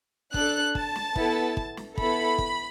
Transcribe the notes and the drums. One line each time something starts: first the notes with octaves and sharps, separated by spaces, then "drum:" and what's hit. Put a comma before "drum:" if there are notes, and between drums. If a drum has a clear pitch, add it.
D4 A4 F#6, drum: kick
A5, drum: kick
drum: snare
B3 E4 A4, drum: kick
drum: kick
drum: snare
B3 E4 A4 B5, drum: kick
drum: kick